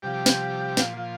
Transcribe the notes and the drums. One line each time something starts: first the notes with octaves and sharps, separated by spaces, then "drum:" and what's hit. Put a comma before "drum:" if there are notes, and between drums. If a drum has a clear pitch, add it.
C3 F3 G3 G4
drum: snare
A#2 F3 F4, drum: snare
F3 F4